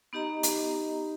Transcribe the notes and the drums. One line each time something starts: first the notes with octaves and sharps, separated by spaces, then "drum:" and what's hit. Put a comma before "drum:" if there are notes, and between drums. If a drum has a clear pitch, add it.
B3 D#4 G4 D#5 A#5
drum: hi-hat